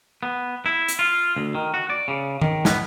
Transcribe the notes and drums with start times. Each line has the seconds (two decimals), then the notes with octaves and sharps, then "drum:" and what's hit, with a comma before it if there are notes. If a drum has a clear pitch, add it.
0.23 B3
0.66 E4
0.88 drum: hi-hat
0.99 F4
1.36 D2
1.55 D#3
1.74 F#4
1.90 D5
2.08 C#3
2.42 D#3, drum: tom D#3
2.65 B3, drum: snare